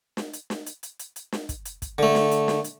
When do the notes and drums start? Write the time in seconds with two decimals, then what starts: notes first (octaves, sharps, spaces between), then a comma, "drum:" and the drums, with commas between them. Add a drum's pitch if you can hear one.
0.17 drum: snare
0.33 drum: hi-hat
0.50 drum: snare
0.66 drum: hi-hat
0.83 drum: hi-hat
0.99 drum: hi-hat
1.16 drum: hi-hat
1.32 drum: snare
1.49 drum: kick, hi-hat
1.65 drum: hi-hat
1.82 drum: kick, hi-hat
1.98 D3 A3
2.15 drum: snare
2.31 drum: hi-hat
2.48 drum: snare
2.64 drum: hi-hat